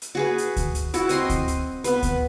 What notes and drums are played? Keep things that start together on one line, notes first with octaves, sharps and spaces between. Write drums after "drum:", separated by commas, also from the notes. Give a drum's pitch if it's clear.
drum: hi-hat
F#4 G#4 B4
drum: hi-hat
drum: kick D2, hi-hat
drum: hi-hat
E4 F#4, drum: hi-hat
C4 D#5 C6, drum: hi-hat
drum: kick D2, hi-hat
drum: hi-hat
B3 B4, drum: hi-hat
drum: kick D2, hi-hat